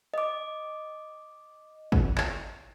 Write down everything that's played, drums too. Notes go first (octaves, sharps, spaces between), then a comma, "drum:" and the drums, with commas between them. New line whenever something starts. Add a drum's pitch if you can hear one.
D#5 D6
drum: kick
drum: clap